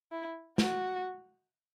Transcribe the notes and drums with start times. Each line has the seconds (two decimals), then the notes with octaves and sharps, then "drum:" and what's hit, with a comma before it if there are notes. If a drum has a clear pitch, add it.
0.12 E4
0.58 F#4, drum: snare